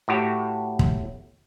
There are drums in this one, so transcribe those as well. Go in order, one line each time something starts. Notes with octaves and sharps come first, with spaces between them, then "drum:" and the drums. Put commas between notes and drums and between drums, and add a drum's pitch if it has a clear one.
A2 F#4 G4
drum: kick